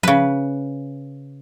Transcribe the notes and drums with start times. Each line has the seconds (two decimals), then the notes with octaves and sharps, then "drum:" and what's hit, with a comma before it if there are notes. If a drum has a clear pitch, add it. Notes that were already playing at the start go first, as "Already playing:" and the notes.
0.03 C#3 B4, drum: tom F3